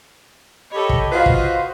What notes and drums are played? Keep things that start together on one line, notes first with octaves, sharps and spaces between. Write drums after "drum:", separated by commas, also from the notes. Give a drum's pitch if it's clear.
G4 A4 C#5 D#5 B5
drum: kick
F4 F#4 B4 C5 D#5 F5
drum: kick